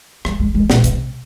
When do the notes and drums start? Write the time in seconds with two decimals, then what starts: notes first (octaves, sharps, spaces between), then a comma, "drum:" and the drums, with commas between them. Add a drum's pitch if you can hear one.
0.25 G3, drum: rim click
0.40 G#3
0.54 G#3
0.70 A#2, drum: snare
0.84 C3, drum: hi-hat